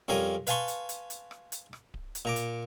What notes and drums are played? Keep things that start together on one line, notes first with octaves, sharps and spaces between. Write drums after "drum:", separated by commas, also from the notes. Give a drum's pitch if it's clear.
F2 G3 C#4 A#4 F5 G#5
B4 F5 G#5 A5 C6 C#6, drum: hi-hat
drum: hi-hat
drum: hi-hat
drum: hi-hat
drum: rim click
drum: hi-hat
drum: rim click
drum: kick D1
drum: hi-hat
A#2 A#5 D6
drum: hi-hat